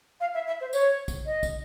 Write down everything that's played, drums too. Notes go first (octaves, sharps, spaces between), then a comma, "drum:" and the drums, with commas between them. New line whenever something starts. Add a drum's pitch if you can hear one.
F5
E5
E5
C5
C#5, drum: tambourine
drum: kick, tambourine
D#5
drum: kick, tambourine